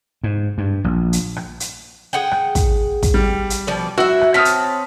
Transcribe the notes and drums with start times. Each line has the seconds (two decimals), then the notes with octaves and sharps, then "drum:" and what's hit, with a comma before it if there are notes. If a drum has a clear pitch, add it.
0.24 G#2
0.58 G2
0.84 A#1
1.13 drum: hi-hat
1.36 drum: rim click
1.60 drum: hi-hat
2.13 G#4 F#5 G5
2.31 drum: rim click
2.55 drum: kick, hi-hat
3.03 drum: kick, hi-hat
3.14 G3
3.50 drum: hi-hat
3.67 B2 F3 D5
3.98 E4 F#4 E5
4.21 drum: rim click
4.34 C4 C#5 A5 D#6 F6 B6
4.45 drum: hi-hat